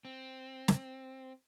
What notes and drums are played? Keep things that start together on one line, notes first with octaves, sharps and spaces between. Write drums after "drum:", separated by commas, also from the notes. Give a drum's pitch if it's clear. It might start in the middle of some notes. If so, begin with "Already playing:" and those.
C4
drum: snare